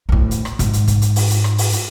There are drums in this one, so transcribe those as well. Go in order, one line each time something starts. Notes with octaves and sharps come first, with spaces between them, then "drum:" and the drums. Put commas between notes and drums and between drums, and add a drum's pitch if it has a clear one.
D2 A2
drum: hi-hat
drum: rim click
G#2, drum: kick, hi-hat
drum: hi-hat
drum: kick, hi-hat
drum: hi-hat
drum: open hi-hat
drum: hi-hat
drum: rim click
drum: open hi-hat
drum: hi-hat